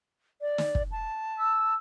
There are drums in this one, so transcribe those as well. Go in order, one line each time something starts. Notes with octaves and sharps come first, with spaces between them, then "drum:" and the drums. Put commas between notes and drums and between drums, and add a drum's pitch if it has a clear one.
D5
drum: snare
drum: kick
A5
E6